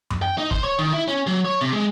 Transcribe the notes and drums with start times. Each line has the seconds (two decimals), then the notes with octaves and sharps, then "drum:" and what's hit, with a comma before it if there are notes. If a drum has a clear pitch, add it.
0.10 drum: tom F#2
0.22 G5
0.38 D#4
0.51 C5, drum: kick
0.64 C#5
0.79 D#3
0.93 E4
1.08 C#4
1.27 F#3
1.45 C#5
1.61 C3
1.72 G#3